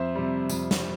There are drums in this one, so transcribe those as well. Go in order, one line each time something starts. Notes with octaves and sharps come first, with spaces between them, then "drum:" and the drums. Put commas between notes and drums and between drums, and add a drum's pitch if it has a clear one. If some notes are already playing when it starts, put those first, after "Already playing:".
Already playing: F2 C5 E5
C3 G3
F2, drum: tambourine
drum: snare